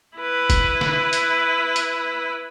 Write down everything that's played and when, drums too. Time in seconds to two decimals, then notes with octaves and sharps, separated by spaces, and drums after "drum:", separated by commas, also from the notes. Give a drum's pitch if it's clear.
0.18 E4 B4
0.50 drum: kick, hi-hat
0.81 drum: snare
1.13 drum: hi-hat
1.76 drum: hi-hat